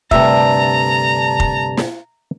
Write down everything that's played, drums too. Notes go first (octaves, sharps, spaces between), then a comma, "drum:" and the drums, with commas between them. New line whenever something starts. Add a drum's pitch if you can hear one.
D2 G2 C3 E5 A5 A#5, drum: kick
drum: kick
drum: snare